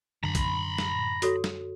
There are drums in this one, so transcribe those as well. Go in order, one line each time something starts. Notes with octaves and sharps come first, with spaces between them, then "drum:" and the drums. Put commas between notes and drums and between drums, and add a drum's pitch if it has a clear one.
F#2 D3 A#5 B5
drum: kick B1, hi-hat
drum: snare
F#4 A4 C#5, drum: hi-hat
drum: snare